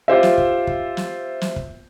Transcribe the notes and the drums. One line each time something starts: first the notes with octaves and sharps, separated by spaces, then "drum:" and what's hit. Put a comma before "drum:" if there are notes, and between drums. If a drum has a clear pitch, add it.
F4 G4 C5 E5
drum: snare
drum: kick
drum: kick
drum: snare
drum: snare
drum: kick